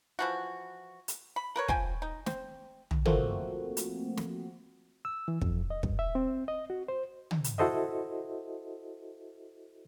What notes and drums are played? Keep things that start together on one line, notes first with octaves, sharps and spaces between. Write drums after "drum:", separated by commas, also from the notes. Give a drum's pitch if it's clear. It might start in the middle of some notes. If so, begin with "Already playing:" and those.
E3 F3 F#4
drum: hi-hat
B5
A#4 B4 C#5
F3 G5 G#5, drum: kick
D#4
C4, drum: snare
drum: tom
F3 A3 A#3 C4 F#4, drum: tom
drum: hi-hat
drum: snare
E6
E3
F2, drum: kick
D#5
G2, drum: kick
E5
C4
D#5
F#4
C5
drum: tom
drum: hi-hat
E4 F#4 A4 C5 D#5 E5